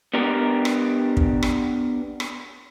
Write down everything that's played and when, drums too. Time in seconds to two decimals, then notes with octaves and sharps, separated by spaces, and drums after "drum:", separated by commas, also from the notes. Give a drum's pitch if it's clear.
0.14 B3 D4 G4 A#4
0.65 drum: rim click
1.17 drum: kick
1.43 drum: rim click
2.20 drum: rim click